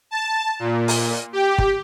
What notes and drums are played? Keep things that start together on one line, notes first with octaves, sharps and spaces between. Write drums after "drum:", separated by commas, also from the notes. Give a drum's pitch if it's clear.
A5
A#2
drum: open hi-hat
G4
drum: kick